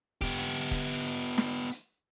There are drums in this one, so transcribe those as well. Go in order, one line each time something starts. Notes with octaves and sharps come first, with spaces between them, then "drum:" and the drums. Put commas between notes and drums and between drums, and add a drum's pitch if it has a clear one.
B3 G4, drum: kick
drum: hi-hat
drum: kick, hi-hat
drum: hi-hat
drum: snare
drum: hi-hat